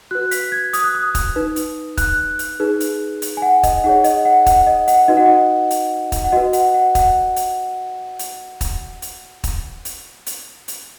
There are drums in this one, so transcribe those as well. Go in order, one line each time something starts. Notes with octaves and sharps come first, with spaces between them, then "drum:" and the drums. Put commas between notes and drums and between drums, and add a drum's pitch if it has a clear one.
F#4 B4 F#6
B6, drum: hi-hat
G#6
D#6, drum: hi-hat
F#6
D#6
drum: kick, hi-hat
D#4 B4
drum: hi-hat
F#6, drum: kick, hi-hat
drum: hi-hat
D#4 G#4 B4
drum: hi-hat
drum: hi-hat
G#5
F#5
D#5, drum: kick, hi-hat
D#4 G#4 C#5 F#5
D#5, drum: hi-hat
F#5
F#5, drum: kick, hi-hat
D#5
F#5, drum: hi-hat
D#4 F#4 B4 D#5
F#5
D#5
drum: hi-hat
drum: kick, hi-hat
F#5
F#4 B4 D#5
F#5, drum: hi-hat
F#5
F#5, drum: kick, hi-hat
drum: hi-hat
drum: hi-hat
drum: kick, hi-hat
drum: hi-hat
drum: kick, hi-hat
drum: hi-hat
drum: hi-hat
drum: hi-hat